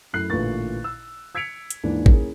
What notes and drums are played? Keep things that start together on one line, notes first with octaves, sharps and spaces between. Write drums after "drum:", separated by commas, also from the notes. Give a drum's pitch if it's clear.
F#2 A3 E4 F#6 C7
A1 A#2 D3 B4 C#6 A6
E6
E6 G#6 B6 C#7 D7 F7
drum: hi-hat
D#2 G#2 D#3 E3 D4
A#3 C#4 E4 G#4, drum: kick